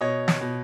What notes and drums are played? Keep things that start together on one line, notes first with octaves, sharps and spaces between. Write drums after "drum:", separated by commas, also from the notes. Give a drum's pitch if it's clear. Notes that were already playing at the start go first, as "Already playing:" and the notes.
B2 C#5 D#5
drum: snare
B2